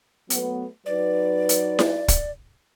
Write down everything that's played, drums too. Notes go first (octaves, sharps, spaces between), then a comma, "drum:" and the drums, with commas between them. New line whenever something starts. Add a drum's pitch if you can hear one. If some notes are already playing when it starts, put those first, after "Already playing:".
F#3 A3 B3, drum: hi-hat
F#3 D#4 B4 D5
drum: hi-hat
drum: snare E4
drum: kick, hi-hat